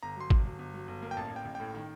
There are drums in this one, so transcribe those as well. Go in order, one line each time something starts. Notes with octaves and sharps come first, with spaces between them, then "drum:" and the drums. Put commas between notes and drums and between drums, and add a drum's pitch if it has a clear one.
G1 A#5
F#3 C6
G1, drum: kick
F#3
G1
F#3
G1
A#3
G5
A1 A5
A1
G5
A1
A2 G5
D#3